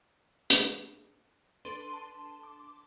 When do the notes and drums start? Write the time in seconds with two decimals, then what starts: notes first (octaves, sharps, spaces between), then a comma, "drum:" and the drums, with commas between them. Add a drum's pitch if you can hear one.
0.50 drum: hi-hat
1.65 D4 A4 B4 C6 D#7 G7
1.93 A5 C6
2.43 D6